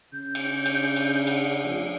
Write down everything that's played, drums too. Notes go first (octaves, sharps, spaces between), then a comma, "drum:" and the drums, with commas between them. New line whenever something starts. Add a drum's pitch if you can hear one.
C#3 G6
drum: cymbal
drum: cymbal
drum: cymbal
F#5, drum: cymbal
F1